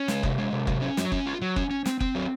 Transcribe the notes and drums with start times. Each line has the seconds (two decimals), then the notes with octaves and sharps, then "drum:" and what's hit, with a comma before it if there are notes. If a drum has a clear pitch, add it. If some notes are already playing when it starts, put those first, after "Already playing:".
Already playing: C#4
0.08 G#3, drum: snare
0.23 C3, drum: kick F#1
0.38 G#3
0.52 C3
0.67 F#3, drum: kick F#1
0.82 C#4
0.97 F#3, drum: snare
1.12 C#4, drum: kick F#1
1.26 F4
1.41 F#3
1.56 C#4, drum: kick F#1
1.70 C#4
1.86 C4, drum: snare
2.00 C4, drum: kick F#1
2.15 F#3